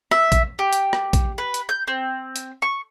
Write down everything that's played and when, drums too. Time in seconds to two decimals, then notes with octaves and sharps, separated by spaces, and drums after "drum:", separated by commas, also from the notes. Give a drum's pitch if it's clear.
0.11 E5, drum: rim click
0.32 drum: kick, hi-hat
0.59 G4
0.73 drum: hi-hat
0.93 drum: rim click
1.13 drum: kick, hi-hat
1.38 B4
1.54 drum: hi-hat
1.69 G6
1.88 C4
2.36 drum: hi-hat
2.62 C#6